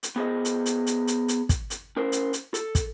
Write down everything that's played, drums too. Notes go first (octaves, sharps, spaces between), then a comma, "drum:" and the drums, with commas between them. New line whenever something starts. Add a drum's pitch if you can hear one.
drum: hi-hat
B3 G#4 C5 D#5
drum: hi-hat
drum: hi-hat
drum: hi-hat
drum: hi-hat
drum: hi-hat
drum: kick, hi-hat
drum: hi-hat
C#4 A#4 C5
drum: hi-hat
drum: hi-hat
A4, drum: hi-hat
drum: kick, hi-hat